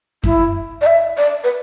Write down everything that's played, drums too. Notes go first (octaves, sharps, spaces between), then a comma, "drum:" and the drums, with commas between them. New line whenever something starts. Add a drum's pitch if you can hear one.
E4, drum: kick F#2
D5
E5
D5
B4